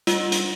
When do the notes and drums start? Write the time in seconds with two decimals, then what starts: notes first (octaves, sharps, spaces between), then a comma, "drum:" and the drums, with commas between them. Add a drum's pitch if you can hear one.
0.07 G3 F4, drum: hi-hat
0.32 drum: hi-hat